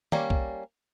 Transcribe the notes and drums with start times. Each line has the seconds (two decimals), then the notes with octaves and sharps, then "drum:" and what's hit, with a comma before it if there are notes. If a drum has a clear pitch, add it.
0.12 G3 A#3 C#4, drum: tom
0.30 drum: kick